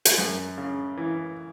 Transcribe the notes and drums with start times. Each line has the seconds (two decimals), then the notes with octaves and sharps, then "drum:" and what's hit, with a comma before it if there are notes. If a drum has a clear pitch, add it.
0.05 drum: hi-hat
0.18 F#2
0.58 C#3
0.97 E3